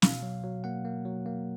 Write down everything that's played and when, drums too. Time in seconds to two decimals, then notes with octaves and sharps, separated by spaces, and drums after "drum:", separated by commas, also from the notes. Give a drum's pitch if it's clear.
0.02 B2 F5, drum: snare
0.23 F#3
0.44 F#3
0.64 A#3 F#5
0.85 A#3
1.05 F#3
1.26 A#3